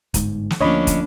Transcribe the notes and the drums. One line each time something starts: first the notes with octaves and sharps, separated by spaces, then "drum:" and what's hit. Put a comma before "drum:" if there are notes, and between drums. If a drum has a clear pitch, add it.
G1 G#2, drum: kick, hi-hat
drum: snare
D2 F3 A#3 C#4 D4 C#5 D#5 B5
drum: kick, hi-hat